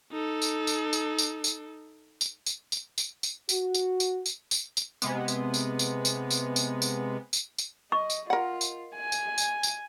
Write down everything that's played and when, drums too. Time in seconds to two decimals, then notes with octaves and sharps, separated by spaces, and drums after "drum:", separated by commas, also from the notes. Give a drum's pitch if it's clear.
0.12 D#4 A4
0.42 drum: tambourine
0.67 drum: tambourine
0.93 drum: tambourine
1.18 drum: tambourine
1.44 drum: tambourine
2.21 drum: tambourine
2.46 drum: tambourine
2.72 drum: tambourine
2.98 drum: tambourine
3.23 drum: tambourine
3.49 F#4, drum: tambourine
3.74 drum: tambourine
4.00 drum: tambourine
4.26 drum: tambourine
4.51 drum: tambourine
4.77 drum: tambourine
5.02 C3 G#3 B3, drum: tambourine
5.28 drum: tambourine
5.54 drum: tambourine
5.79 drum: tambourine
6.05 drum: tambourine
6.30 drum: tambourine
6.56 drum: tambourine
6.82 drum: tambourine
7.33 drum: tambourine
7.58 drum: tambourine
7.92 D#5 C#6
8.10 drum: tambourine
8.30 F4 A#4 F#5
8.61 drum: tambourine
8.95 G#5
9.12 drum: tambourine
9.38 drum: tambourine
9.63 drum: tambourine